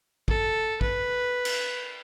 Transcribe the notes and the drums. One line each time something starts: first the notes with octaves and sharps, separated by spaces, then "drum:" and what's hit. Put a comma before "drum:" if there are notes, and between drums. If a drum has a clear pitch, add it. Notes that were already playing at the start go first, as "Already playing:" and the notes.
A4, drum: kick
B4, drum: kick
drum: cymbal